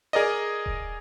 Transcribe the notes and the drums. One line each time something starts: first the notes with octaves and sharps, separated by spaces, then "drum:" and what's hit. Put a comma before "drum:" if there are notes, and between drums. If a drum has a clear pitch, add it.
G#4 A#4 D5 D#5
drum: kick D#1